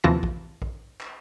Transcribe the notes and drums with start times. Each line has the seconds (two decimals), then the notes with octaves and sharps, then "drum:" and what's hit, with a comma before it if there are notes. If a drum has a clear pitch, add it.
0.04 D#2 C3 E3 F3 A5 A#6
0.23 drum: kick
0.62 drum: kick
1.00 drum: clap